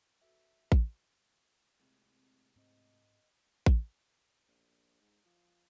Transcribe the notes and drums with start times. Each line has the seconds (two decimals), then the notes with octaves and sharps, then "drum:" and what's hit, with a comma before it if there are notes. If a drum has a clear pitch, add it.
0.22 F#4 A4 B4 E5
0.72 drum: kick A1
1.80 A2 C3 G#3 C4
2.56 G#2 C4 D#5
3.66 drum: kick A1
4.48 A#1
5.01 G#2
5.25 F3